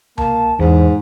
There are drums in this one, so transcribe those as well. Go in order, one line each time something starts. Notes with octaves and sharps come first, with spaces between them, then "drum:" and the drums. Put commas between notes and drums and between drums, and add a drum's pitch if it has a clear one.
A#3 A5, drum: tom C#2
E2 G#2 C5